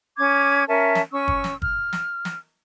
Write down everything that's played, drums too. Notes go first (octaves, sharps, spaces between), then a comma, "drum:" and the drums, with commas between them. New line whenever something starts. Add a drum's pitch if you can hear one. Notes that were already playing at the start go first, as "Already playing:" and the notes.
C#4 D6 G#6
C#4 A#4 E5 A5
drum: snare
C#4 C#6 E6
drum: kick
drum: snare
F6, drum: kick
drum: snare
drum: snare